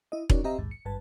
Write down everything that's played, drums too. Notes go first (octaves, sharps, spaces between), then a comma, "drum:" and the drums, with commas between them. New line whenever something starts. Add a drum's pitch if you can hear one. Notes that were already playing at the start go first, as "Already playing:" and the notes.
E4 D#5
C#4 D#4 F#4 A#4 C#5 D5, drum: kick E1
C4 G4 C5 D#5 E5 A#5
A#1 D#2 G#2
C#7
G#1 G2 B4 A5